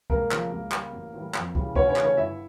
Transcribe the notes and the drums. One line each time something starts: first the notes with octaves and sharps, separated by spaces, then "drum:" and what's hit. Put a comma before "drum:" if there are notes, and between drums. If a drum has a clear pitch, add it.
C#2 A#3 A#4, drum: kick
C#3 F3 A3, drum: clap
C#2
C#3 G3, drum: clap
A1
A2 E3 G3
F2, drum: clap
C#3 E3 G3, drum: kick
D2 C#4 C#5, drum: kick
C#4 C#5
C#3 E3 A3, drum: clap
C#4 C#5
G1 E4 E5